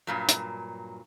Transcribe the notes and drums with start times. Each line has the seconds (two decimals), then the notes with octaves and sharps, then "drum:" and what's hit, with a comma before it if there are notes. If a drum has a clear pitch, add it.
0.07 G2 A#2 F#3
0.29 drum: hi-hat